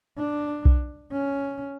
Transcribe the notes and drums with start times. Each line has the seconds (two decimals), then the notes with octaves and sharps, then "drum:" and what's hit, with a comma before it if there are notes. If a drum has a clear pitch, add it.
0.19 D4
0.65 drum: kick B1
1.13 C#4